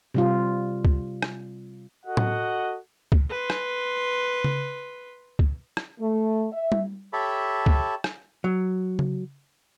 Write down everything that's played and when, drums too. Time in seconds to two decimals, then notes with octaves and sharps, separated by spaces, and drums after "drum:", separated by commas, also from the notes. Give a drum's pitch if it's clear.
0.14 C3 G3 F4
0.85 drum: kick C#2
1.22 drum: rim click
2.06 F#4 A4 D#5 F#5
2.17 drum: tom A2
3.12 drum: kick C#2
3.30 B4 C6
3.50 drum: rim click
4.44 drum: tom C#3
5.39 drum: kick C#2
5.77 drum: rim click
6.00 A3
6.53 E5
6.72 drum: tom G3
7.13 G4 A4 C#5 E5 A5 B5
7.66 drum: kick C#2
8.04 drum: rim click
8.44 F#3
8.99 drum: tom C#3